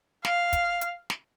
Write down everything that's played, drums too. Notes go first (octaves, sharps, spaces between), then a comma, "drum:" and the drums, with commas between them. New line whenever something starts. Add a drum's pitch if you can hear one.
F5, drum: snare
drum: kick, hi-hat
drum: hi-hat
drum: snare